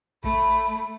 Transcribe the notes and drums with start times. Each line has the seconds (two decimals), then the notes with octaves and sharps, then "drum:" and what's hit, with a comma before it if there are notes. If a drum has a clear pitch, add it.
0.24 A3 B5, drum: kick A1